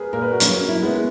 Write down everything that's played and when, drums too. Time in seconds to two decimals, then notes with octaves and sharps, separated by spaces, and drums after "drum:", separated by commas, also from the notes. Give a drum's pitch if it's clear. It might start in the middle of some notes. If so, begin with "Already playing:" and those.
Already playing: G#4 A#4 B4
0.13 A#2 A#4
0.22 B4
0.32 F#4 A#4
0.40 F#3 A#3 C#4, drum: hi-hat
0.69 E4
0.82 G#3 B3